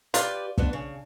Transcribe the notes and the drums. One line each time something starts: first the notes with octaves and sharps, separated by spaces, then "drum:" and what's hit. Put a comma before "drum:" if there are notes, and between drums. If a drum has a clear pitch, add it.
F4 G4 B4 D5, drum: hi-hat
F2 B3 D4, drum: kick
C#3